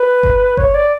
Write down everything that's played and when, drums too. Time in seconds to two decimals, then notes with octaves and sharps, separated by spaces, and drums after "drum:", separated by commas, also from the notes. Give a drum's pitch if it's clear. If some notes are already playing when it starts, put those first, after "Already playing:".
Already playing: B4
0.23 drum: kick G1
0.57 C#5, drum: kick G1
0.74 D5